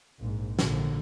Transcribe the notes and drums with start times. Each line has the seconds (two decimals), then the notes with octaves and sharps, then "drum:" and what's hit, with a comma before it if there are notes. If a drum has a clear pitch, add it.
0.19 A#1 G#2
0.59 A#1 D3, drum: snare